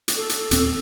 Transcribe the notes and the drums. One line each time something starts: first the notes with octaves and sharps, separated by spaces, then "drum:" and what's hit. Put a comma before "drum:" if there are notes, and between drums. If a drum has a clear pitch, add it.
drum: hi-hat
A4
drum: hi-hat
D#1 C4, drum: hi-hat